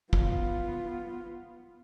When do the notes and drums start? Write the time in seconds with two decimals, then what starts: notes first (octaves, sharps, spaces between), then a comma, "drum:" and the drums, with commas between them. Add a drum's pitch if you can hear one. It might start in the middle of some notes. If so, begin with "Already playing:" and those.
0.13 B3 F4, drum: kick